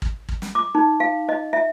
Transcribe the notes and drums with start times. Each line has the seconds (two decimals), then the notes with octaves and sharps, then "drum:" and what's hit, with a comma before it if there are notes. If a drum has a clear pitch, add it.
0.02 drum: kick
0.29 drum: kick
0.42 drum: snare
0.55 D6
0.75 D#4
1.00 F5
1.29 D#5
1.53 E5